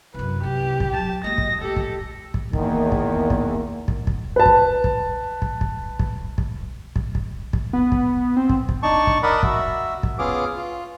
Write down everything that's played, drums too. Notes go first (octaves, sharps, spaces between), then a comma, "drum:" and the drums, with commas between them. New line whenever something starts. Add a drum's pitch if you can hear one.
C2 F#2 B4
C2 A3 G4
drum: kick
F#3 A5
G#3 A#3 D#5 A#6
drum: kick
A3 G4 A4
drum: kick
drum: kick
E2 D#3 A#3, drum: kick
drum: kick
drum: kick
drum: kick
drum: kick
B4 A5
drum: kick
drum: kick
drum: kick
drum: kick
drum: kick
drum: kick
drum: kick
drum: kick
drum: kick
B3
drum: kick
C4
drum: kick
drum: kick
D4 D#4 A5 C#6
drum: kick
A#4 D5 D#5 F#5 A5 B5
F#4 E5, drum: kick
drum: kick
B3 C#4 F4 G#4 D6
F4